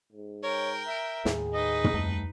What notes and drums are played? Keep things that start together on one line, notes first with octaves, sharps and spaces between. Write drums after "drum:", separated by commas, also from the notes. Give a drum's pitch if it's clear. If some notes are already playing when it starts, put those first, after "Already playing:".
G#2
A#4 C#5 G5
E5
D#2 A2 G#4, drum: snare
D#4 B4 D#5
drum: tom
D#2 G3 A3